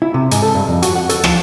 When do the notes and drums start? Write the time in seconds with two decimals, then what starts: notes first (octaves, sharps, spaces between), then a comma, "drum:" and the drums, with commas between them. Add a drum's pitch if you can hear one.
0.02 E4
0.14 C3
0.31 G#2, drum: hi-hat
0.42 A4
0.55 G2
0.68 F2
0.82 F#4, drum: hi-hat
0.95 F#5
1.09 A4, drum: hi-hat
1.24 F3, drum: rim click